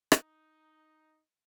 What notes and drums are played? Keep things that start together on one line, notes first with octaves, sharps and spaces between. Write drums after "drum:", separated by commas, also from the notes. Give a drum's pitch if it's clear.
D#4, drum: rim click